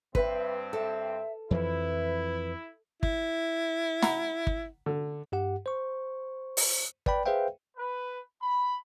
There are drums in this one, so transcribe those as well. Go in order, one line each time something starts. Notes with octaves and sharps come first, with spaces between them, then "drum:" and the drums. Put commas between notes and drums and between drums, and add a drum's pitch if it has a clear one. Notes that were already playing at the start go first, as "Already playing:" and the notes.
G2 C4 B4 E5, drum: kick
A4 E5
F2 E3 F3 E4 B4
E4, drum: kick
F#5 A#5 B5, drum: snare
drum: kick
D3
G2 G4 F#5
C5 C#6
drum: open hi-hat
B4 D5 G5 B5, drum: kick
G#4 B4 C5 E5 F5 G5
B4
B5